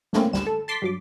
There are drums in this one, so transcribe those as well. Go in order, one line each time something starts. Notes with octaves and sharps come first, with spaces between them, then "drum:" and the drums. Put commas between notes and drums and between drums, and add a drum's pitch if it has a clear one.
A2 D3 A3 A#3 C4 C#4, drum: snare
A1 D2 G3 E7, drum: snare
A4
A5 C6 D6 A6 B6
G2 F#3 D6